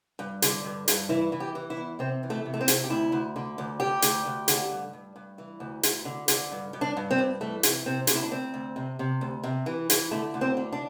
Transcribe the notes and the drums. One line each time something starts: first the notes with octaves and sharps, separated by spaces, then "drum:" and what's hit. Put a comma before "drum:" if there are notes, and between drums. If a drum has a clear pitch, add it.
G2
D3, drum: hi-hat
G2
G2, drum: hi-hat
E3 E4
E3
G4
E3
E4
E2
C3 C4
E3
A3
C3
A3
C4
C3, drum: hi-hat
G4
D2 E4
D2
D3
D2
D2 G4
D2, drum: hi-hat
D2
D3, drum: hi-hat
G2
G2
G2
E3
D2
D2, drum: hi-hat
D3
D3, drum: hi-hat
G2
G2
D4
G2
C4
G2
E3 A3
C3, drum: hi-hat
C3 C4
D2 G4, drum: hi-hat
E4
D4
D2 C4
D2
C3
C3
D2
C3
E3
E3, drum: hi-hat
D3 A3
D2
C4
D3
D4